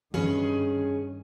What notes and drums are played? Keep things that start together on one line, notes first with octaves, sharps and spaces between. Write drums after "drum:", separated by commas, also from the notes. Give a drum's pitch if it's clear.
G2 D#3 C#4 G#4 B4, drum: tom E3